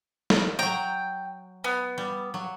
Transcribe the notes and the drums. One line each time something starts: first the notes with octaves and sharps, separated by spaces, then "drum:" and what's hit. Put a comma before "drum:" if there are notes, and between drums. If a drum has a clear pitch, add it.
drum: snare
F#3 G5 A#5
B3
G3
F#3